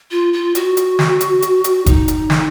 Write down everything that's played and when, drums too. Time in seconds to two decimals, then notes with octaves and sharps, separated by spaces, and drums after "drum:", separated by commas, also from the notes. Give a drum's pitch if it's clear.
0.11 F4
0.33 F4
0.55 F#4, drum: hi-hat
0.77 drum: hi-hat
0.99 drum: snare
1.21 drum: hi-hat
1.42 drum: hi-hat
1.64 drum: hi-hat
1.86 D#4, drum: kick F#1, hi-hat
2.08 drum: hi-hat
2.30 drum: snare